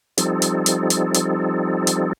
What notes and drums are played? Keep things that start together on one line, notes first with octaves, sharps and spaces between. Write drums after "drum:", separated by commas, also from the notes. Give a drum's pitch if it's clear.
F3 G3 C4 D#4 A4, drum: hi-hat
drum: hi-hat
drum: hi-hat
drum: hi-hat
drum: hi-hat
drum: hi-hat